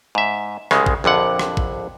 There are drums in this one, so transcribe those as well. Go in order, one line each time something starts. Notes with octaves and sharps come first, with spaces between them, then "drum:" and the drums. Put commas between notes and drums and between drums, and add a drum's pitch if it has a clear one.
G#2 E5
C2 C#3 G#3, drum: rim click
drum: kick A1
A#1 F2 D3 F#5
drum: rim click
drum: kick A1